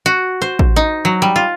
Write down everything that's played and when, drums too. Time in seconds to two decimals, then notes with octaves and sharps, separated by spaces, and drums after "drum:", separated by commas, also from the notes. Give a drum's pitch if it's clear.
0.06 F#4
0.42 C5
0.59 drum: kick A1
0.76 D#4
1.05 F#3
1.22 G3
1.36 F4